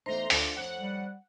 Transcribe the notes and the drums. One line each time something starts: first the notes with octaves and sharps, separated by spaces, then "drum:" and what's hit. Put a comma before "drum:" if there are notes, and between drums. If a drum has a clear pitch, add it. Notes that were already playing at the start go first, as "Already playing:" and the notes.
E2 A3 D#4 C5 A#5 C6
D2 D4 F4 D5, drum: open hi-hat
F2 C#5 F#5
G3